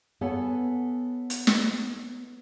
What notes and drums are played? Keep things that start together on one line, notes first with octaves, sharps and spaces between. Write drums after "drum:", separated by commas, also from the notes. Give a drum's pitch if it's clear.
B3 A4 C#5 F#5 G#5
drum: hi-hat
drum: snare